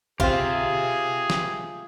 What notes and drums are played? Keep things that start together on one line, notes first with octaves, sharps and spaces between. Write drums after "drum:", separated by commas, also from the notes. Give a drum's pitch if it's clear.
C3 C4 F4 G4 G#4 E5, drum: kick
drum: snare